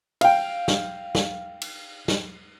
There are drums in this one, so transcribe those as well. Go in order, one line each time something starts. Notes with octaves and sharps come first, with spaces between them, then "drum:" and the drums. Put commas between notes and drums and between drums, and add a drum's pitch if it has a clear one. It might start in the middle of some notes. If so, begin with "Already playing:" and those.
F5 G5, drum: cymbal
drum: snare
drum: snare
drum: cymbal
drum: snare